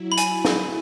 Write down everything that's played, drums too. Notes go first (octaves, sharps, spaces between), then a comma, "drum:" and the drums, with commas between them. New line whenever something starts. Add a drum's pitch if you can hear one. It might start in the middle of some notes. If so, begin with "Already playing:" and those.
Already playing: F#3 E4
B5
G#5, drum: hi-hat
drum: snare